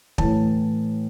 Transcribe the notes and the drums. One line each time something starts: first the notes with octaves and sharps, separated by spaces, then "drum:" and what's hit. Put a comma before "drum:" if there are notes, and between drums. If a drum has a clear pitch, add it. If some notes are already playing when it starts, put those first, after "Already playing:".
A2 E3 A5, drum: kick